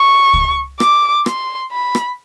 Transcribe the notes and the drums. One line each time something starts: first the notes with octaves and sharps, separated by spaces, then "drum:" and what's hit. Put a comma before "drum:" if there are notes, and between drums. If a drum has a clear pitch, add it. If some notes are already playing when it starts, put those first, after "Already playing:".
Already playing: C#6
drum: kick
D6, drum: rim click
C6, drum: rim click
B5
drum: rim click